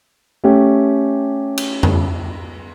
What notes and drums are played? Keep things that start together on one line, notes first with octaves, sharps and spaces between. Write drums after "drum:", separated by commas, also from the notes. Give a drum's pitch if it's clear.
A3 C#4 G4
drum: cymbal
drum: tom F2